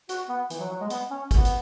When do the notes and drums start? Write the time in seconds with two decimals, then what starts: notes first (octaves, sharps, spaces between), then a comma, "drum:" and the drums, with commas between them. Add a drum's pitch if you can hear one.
0.09 F#4, drum: hi-hat
0.29 B3
0.50 E3, drum: hi-hat
0.60 F#3
0.70 F#3
0.81 G#3
0.90 B3, drum: hi-hat
1.11 C#4
1.31 B3, drum: kick, hi-hat
1.45 drum: hi-hat